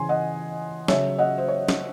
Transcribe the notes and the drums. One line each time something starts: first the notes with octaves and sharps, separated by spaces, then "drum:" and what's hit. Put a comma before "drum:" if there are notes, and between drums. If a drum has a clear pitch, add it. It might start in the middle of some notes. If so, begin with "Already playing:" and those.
Already playing: C#3 E3 G#5 C6
D#5 F#5
C#3 F#3 C#5 E5, drum: snare
D#5 F#5
C5
C#5
drum: snare